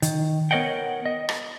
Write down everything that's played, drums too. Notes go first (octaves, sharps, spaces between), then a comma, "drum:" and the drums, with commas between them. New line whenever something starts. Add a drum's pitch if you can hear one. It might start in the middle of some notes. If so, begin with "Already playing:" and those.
D#3, drum: hi-hat
B3 A#4 C#5 D#5 F#5 G5
D#5
drum: rim click